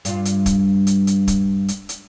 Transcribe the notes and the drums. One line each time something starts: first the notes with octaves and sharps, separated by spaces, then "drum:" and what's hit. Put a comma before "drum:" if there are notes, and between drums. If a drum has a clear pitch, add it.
G2 F4, drum: hi-hat
drum: hi-hat
drum: kick, hi-hat
drum: hi-hat
drum: hi-hat
drum: kick, hi-hat
drum: hi-hat
drum: hi-hat